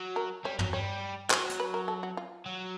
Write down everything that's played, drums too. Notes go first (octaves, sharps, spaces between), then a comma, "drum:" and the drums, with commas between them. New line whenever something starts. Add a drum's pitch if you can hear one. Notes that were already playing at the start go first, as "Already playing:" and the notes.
Already playing: F#3
A#4
G3 C#5
F#3, drum: tom
G3 C#5
F#3 C5, drum: clap
drum: hi-hat
B4
A#4
A4
F#4
F4
F#3